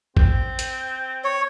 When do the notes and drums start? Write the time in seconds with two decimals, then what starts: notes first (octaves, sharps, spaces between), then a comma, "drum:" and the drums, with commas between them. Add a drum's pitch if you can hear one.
0.17 C4, drum: kick A1
0.59 drum: hi-hat
1.24 C#5